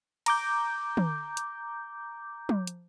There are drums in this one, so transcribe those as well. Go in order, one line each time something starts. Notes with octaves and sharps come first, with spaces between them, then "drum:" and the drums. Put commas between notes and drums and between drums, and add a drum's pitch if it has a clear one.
A#5 D6 G6, drum: cymbal
drum: tom
drum: hi-hat
drum: tom
drum: hi-hat